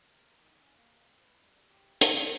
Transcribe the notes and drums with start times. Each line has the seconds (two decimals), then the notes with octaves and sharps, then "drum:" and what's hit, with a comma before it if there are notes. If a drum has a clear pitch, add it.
0.08 A#4
0.39 D#3
0.61 C#4
0.77 A#3
1.04 C4
1.24 B4
1.41 G3
1.69 G4
2.01 drum: hi-hat
2.11 C6